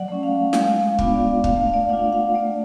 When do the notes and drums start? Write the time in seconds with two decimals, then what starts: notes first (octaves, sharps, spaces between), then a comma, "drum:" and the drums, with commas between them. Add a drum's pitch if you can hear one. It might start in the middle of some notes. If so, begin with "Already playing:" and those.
Already playing: F#3 D5 F#5
0.08 A3 C#4
0.23 F5
0.53 G#3 F5, drum: snare
0.99 B3 D4 F4, drum: kick
1.14 D5
1.44 A3 F5, drum: kick
1.66 F5
1.74 D5
1.81 F5
1.89 D4 F4 F#5
2.13 F5
2.34 A3 D5